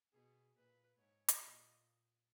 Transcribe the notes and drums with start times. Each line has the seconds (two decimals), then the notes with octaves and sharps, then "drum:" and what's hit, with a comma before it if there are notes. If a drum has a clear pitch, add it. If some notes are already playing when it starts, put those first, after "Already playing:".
0.13 B2 G#4
0.56 A#2 B4
0.98 G#2 C#5
1.28 drum: hi-hat
1.41 A#2 D#5